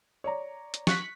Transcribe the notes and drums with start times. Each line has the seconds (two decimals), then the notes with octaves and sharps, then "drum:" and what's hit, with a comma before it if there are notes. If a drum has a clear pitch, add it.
0.24 C#5 D5 A#5
0.74 drum: hi-hat
0.87 C#6 F#6 B6, drum: snare